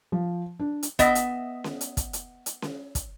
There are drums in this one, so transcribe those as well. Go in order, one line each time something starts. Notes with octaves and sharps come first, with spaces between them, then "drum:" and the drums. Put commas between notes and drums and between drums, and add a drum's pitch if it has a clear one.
F3
D4
drum: hi-hat
B3 D#5 E5, drum: kick, hi-hat
drum: hi-hat
drum: snare C#4
drum: hi-hat
drum: kick, hi-hat
drum: hi-hat
drum: hi-hat
drum: snare C#4
drum: kick, hi-hat